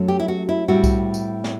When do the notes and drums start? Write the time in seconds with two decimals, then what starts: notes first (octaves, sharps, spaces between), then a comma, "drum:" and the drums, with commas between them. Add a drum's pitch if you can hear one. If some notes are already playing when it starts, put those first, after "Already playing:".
Already playing: F#2 F#3 A3
0.08 G4
0.20 E4
0.28 F#4
0.49 E4
0.68 A2 G3 C4 E4 F#4
0.84 drum: kick C2, tambourine
1.14 drum: tambourine
1.44 drum: snare